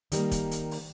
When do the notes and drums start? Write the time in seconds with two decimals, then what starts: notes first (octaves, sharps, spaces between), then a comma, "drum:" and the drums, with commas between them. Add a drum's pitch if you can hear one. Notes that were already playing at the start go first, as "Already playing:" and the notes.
0.12 D#3 G3 A#3, drum: hi-hat
0.31 drum: kick, hi-hat
0.51 drum: hi-hat
0.71 drum: open hi-hat